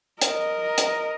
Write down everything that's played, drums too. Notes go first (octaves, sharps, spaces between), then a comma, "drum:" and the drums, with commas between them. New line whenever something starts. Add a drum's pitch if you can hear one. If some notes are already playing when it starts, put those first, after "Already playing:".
A#4 D#5, drum: hi-hat
drum: hi-hat